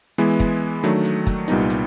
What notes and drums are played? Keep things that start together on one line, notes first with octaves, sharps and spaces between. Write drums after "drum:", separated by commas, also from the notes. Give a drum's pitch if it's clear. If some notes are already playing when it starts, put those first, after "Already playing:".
E3 G#3 B3 E4, drum: hi-hat
drum: kick, hi-hat
D#3 F#3 A3 D4, drum: hi-hat
drum: hi-hat
drum: kick, hi-hat
C2 A#2 G3 B3 D#4, drum: hi-hat
drum: hi-hat